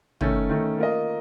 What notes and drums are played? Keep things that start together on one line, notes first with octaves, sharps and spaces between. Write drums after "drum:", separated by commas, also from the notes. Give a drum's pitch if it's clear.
D#3 A3 C#4, drum: tom
D#3 A3 C#4
A#3 F4 A#4 D#5